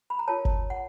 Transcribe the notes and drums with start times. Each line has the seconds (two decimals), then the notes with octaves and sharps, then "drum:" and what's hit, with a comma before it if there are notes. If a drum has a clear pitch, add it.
0.10 B5
0.19 A#5
0.28 F4 A#4 C#5 A5
0.45 drum: kick G#1
0.70 F#5